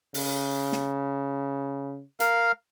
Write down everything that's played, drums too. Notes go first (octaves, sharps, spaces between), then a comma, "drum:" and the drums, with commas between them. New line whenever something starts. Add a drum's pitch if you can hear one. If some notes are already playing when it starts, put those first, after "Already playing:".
C#3, drum: open hi-hat
drum: snare
A#4 F5, drum: hi-hat